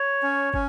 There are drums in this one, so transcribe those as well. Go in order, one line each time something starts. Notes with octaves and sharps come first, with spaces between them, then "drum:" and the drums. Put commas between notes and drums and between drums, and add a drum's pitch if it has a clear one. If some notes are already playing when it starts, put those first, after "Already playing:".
Already playing: C#5
C#4
C#4, drum: kick